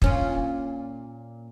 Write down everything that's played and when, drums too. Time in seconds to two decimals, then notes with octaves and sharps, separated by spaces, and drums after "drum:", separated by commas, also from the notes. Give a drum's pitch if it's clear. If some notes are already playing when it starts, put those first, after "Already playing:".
0.02 A#2 C#4 F4, drum: kick